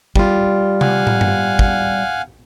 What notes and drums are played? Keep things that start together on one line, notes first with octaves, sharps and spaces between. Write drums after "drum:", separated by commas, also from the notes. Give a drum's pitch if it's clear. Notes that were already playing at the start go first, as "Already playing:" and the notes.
G3 F4, drum: kick
F5 F#5 G#5, drum: tom C3
drum: tom
drum: tom G2
drum: kick